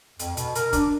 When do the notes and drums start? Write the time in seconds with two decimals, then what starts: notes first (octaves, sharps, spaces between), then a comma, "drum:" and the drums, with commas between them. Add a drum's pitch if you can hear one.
0.19 F2, drum: hi-hat
0.37 B2, drum: hi-hat
0.55 A#4, drum: hi-hat
0.73 D4, drum: kick, hi-hat